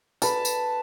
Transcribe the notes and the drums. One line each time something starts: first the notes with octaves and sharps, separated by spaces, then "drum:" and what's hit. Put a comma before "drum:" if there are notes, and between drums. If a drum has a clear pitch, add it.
B4 A5, drum: tambourine
drum: tambourine